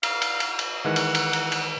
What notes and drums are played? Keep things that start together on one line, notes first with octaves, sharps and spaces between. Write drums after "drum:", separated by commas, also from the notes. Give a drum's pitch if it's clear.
F5, drum: cymbal
drum: cymbal
drum: cymbal
drum: cymbal
D#3 E3 G#3 F#5
drum: cymbal
drum: cymbal
drum: cymbal
drum: cymbal